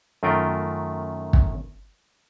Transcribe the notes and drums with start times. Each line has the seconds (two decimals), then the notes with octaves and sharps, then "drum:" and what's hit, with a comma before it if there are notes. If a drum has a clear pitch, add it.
0.23 F#2 D#3 A3 F4 A#4 G5
1.33 drum: kick